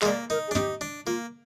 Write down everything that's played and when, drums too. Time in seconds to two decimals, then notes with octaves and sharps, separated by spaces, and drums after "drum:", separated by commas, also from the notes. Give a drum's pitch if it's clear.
0.02 G#3, drum: clap
0.05 A#3 D5
0.30 D#4 A#4
0.48 G#4
0.51 D4
0.55 D#4 G4, drum: tom
0.81 D4
1.06 A#3 F4